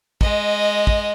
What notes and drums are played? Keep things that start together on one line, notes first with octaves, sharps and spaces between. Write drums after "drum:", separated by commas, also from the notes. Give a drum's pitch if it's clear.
G#3 D#5, drum: kick
drum: kick